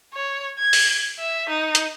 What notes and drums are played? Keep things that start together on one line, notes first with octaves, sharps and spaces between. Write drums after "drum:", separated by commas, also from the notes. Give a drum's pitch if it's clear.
C#5
G#6
drum: open hi-hat
E5
D#4
drum: hi-hat